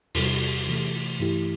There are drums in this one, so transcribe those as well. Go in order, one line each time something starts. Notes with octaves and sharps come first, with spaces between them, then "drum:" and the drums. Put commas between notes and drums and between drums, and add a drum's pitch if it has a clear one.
E2 C3 G3, drum: open hi-hat
C3 E3 A3
G2 E3 A3 E4 G4